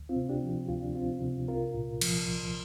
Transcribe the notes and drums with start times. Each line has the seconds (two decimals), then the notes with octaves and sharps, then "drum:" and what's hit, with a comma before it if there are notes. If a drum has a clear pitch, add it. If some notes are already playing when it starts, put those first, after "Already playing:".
Already playing: D2
0.09 C4 F4
0.16 C3
0.29 D4 G4
0.43 F3
0.69 D2 F4
0.82 D4
0.95 D2 C4 F4
1.22 C3
1.48 C2 F4 A#4
1.75 A#2
2.01 F3, drum: cymbal
2.27 C2